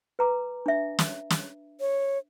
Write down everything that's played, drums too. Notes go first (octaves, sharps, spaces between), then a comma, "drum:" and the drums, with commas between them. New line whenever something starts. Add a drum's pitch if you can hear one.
B4 A#5 D6
D4 E5
drum: snare
drum: snare
C#5